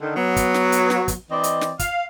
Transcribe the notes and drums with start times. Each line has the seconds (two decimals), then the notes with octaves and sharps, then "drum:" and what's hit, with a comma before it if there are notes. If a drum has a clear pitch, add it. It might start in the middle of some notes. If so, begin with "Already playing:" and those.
0.01 D3 D#3
0.16 F#3 B3
0.36 drum: kick, hi-hat
0.54 drum: snare
0.72 drum: hi-hat
0.90 drum: snare
1.08 drum: kick, hi-hat
1.30 E3 C4 D5 D#5
1.44 drum: hi-hat
1.61 drum: snare
1.79 F5, drum: kick, hi-hat